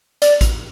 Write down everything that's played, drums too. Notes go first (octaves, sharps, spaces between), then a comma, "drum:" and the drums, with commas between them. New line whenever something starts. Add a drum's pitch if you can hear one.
D5, drum: hi-hat
drum: kick A1, hi-hat